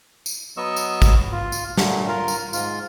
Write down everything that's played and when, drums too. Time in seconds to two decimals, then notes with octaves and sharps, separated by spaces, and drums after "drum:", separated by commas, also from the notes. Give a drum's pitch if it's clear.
0.26 drum: tambourine
0.57 F#3 B3 D#5 C#6 E6
0.76 drum: tambourine
1.02 drum: kick, tambourine
1.32 F4
1.52 drum: tambourine
1.77 A#2 D3 F#3 A3, drum: snare
2.08 F4 A#4
2.28 drum: tambourine
2.53 G#2 F4, drum: tambourine